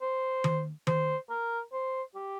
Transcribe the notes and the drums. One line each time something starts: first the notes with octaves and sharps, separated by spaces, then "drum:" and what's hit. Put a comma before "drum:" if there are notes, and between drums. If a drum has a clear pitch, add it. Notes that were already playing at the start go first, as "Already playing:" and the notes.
C5
drum: tom D#3
C5, drum: tom D#3
A#4
C5
G4